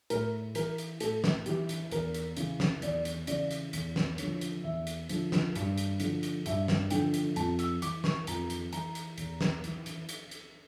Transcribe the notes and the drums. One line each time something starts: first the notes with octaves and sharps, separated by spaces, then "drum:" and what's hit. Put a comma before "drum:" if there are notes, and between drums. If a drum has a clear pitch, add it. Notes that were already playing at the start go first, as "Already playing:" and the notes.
A2 A#4, drum: hi-hat
E3 A#4, drum: hi-hat
drum: hi-hat
A2 A4, drum: hi-hat
drum: snare
E3 G4, drum: hi-hat
drum: hi-hat
E2 A#4, drum: hi-hat
drum: hi-hat
C#3 E3, drum: hi-hat
drum: snare
E2 D5, drum: hi-hat
drum: hi-hat
C#3 E3 D5, drum: hi-hat
drum: hi-hat
E2, drum: hi-hat
drum: snare
D3 F3 C#5, drum: hi-hat
drum: hi-hat
E2 E5
drum: hi-hat
D3 F3, drum: hi-hat
drum: snare
G2, drum: hi-hat
drum: hi-hat
D3 F3, drum: hi-hat
drum: hi-hat
G2 E5, drum: hi-hat
drum: snare
D3 F3 G5, drum: hi-hat
drum: hi-hat
F2 A5, drum: hi-hat
E6, drum: hi-hat
E3 D6, drum: hi-hat
C#6, drum: snare
F2 A#5, drum: hi-hat
drum: hi-hat
E3 A#5, drum: hi-hat
drum: hi-hat
E2, drum: hi-hat
drum: snare
E3, drum: hi-hat
drum: hi-hat
drum: hi-hat
drum: hi-hat